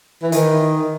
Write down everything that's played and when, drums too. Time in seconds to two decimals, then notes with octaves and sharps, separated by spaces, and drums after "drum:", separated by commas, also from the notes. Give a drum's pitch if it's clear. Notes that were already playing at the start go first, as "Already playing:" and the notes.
0.23 E3
0.32 D#3, drum: hi-hat